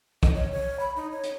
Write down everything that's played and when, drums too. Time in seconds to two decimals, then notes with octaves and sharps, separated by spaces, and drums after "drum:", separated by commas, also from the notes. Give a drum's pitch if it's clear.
0.23 D#5, drum: kick, hi-hat
0.34 C#5
0.52 C#5
0.80 B5
0.96 D#4
1.11 C#5
1.24 drum: hi-hat